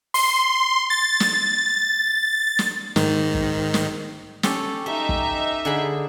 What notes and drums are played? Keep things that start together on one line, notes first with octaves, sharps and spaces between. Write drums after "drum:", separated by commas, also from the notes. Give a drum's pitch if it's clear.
C6, drum: open hi-hat
A6
drum: snare
drum: snare
G#2 D#3, drum: snare
drum: kick
drum: snare
C#4 G4 A4, drum: snare
D#4 G4 E5
drum: kick
D3 G#4 B5